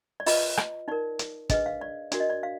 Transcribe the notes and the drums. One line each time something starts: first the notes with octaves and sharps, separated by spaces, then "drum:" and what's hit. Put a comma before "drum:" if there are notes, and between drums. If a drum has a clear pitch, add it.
D5
F4 B4 D#5, drum: open hi-hat
drum: rim click
D#4 A#4 D5
drum: hi-hat
D4 G#4 B4 D#5, drum: kick, hi-hat
F5
D5
D4 F#4 A#4 D5, drum: hi-hat
D#5
D5
F5